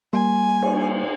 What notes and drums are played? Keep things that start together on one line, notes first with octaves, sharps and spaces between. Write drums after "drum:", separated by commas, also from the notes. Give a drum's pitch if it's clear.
G3 A#3 G#5 C6
drum: cymbal